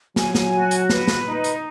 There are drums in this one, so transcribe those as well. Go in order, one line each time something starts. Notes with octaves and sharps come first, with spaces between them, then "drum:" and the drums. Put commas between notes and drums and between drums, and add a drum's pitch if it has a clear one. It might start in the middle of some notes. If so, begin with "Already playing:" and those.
F#3 G#5, drum: snare
drum: snare
F#4
drum: hi-hat
B4, drum: snare
drum: snare
D#4
drum: hi-hat